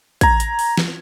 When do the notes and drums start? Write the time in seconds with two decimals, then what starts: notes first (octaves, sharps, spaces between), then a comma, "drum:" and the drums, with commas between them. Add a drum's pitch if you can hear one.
0.21 A#5 G#6, drum: kick, hi-hat
0.40 drum: hi-hat
0.59 drum: open hi-hat
0.77 drum: snare